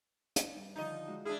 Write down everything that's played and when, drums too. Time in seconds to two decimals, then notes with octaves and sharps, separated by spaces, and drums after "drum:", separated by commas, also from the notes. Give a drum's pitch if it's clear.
0.36 drum: hi-hat
0.55 G2
0.76 D3 D#3 F3 D#4 D#5
1.07 G#3 E4 F#4
1.25 D4 E4 G#4 F6